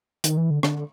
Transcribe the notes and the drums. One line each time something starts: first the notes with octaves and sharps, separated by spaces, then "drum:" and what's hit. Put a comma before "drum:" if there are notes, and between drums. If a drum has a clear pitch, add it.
D#3, drum: hi-hat
E3
D3
D3, drum: rim click